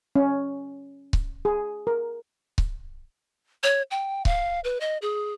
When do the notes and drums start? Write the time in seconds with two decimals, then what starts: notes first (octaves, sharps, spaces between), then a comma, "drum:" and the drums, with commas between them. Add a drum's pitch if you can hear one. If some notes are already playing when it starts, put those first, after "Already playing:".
0.16 C#4
1.13 drum: kick C#1
1.45 G#4
1.87 A#4
2.58 drum: kick C#1
3.63 C#5
3.91 G5
4.25 F5, drum: kick C#1
4.64 B4
4.81 D#5
5.02 G#4